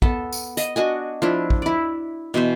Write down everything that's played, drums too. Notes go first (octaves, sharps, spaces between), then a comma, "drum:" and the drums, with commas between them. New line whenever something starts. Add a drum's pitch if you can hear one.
B3 A4, drum: kick
drum: tambourine
D#5, drum: hi-hat
D4 F#4 D#5 G#5
F3 D4 E4
drum: kick
E4 D5
B2 E3 B3 C5